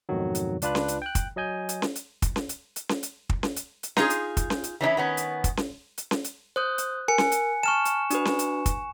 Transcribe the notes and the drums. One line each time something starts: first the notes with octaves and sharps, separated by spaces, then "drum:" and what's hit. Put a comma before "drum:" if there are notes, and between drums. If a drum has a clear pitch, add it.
F2 G#2 B2 D#3 F#3
drum: hi-hat
C#2 D4 F4 B4 F#6, drum: hi-hat
drum: snare C#4
drum: hi-hat
G5 F#6
drum: kick, hi-hat
F#3 D#5 G#5 G6
drum: hi-hat
drum: snare C#4
drum: hi-hat
drum: kick, hi-hat
drum: snare C#4
drum: hi-hat
drum: hi-hat
drum: snare C#4
drum: hi-hat
drum: kick
drum: snare C#4
drum: hi-hat
drum: hi-hat
D#4 F4 G#4, drum: snare C#4
drum: hi-hat
drum: kick, hi-hat
drum: snare C#4
drum: hi-hat
E3 C#4 D4 E4
D#3 B3 C#4
drum: hi-hat
drum: kick, hi-hat
drum: snare C#4
drum: hi-hat
drum: snare C#4
drum: hi-hat
C5 D#6 F#6 G6
drum: hi-hat
A#4 G#5 C#7
drum: snare C#4
drum: hi-hat
A5 C#6 F6 E7
drum: hi-hat
D4 F#4 B4, drum: hi-hat
drum: snare C#4
drum: hi-hat
drum: kick, hi-hat